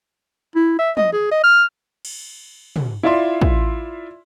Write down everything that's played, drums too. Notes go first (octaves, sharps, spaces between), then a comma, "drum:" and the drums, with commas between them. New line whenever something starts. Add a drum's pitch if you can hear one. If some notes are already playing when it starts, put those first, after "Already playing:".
E4
E5
D#5, drum: tom
G#4
D#5
F6
drum: cymbal
drum: tom
E4 F4 D5 E5 C6
drum: kick